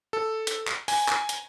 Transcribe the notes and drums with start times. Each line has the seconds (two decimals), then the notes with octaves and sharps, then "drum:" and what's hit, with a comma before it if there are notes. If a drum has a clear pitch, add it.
0.13 A4
0.47 drum: hi-hat
0.68 drum: clap
0.88 G#5, drum: open hi-hat
1.09 drum: clap
1.29 drum: hi-hat